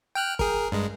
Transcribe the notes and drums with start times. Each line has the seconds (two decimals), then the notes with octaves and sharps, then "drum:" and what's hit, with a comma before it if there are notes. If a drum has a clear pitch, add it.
0.15 G5 F6 F#6
0.39 G#4 A#4, drum: kick
0.72 G2 G#3